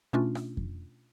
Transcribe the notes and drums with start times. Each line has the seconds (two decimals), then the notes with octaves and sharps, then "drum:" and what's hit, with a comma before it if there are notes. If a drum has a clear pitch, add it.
0.13 B2 A3 C#4 D4 F4
0.35 drum: rim click
0.57 drum: kick F2